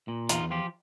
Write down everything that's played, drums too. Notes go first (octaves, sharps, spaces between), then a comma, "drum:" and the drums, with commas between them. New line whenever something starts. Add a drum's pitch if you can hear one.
A#2
E2 D#4 F4, drum: hi-hat
F3 F4 G4